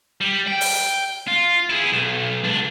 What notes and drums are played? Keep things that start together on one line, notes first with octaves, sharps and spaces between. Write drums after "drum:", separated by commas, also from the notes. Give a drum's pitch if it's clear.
G3
G5
drum: open hi-hat
F4
E4 G#4
B1
C#2 D4